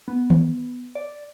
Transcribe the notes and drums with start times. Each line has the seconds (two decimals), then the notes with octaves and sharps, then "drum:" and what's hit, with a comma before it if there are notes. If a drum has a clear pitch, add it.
0.08 B3
0.30 drum: tom
0.95 D5